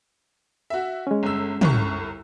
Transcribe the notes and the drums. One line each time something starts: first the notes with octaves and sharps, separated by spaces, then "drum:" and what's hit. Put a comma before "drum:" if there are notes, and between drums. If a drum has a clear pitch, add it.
F#4 E5
G#3 C#4
G1 E6
G1 C2 C#6, drum: tom